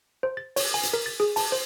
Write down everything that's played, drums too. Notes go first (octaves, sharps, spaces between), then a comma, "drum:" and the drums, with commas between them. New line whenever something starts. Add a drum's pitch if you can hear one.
C5
A6
C#5, drum: open hi-hat
G#5
drum: hi-hat
A#4
A6
G#4
A5, drum: open hi-hat
C5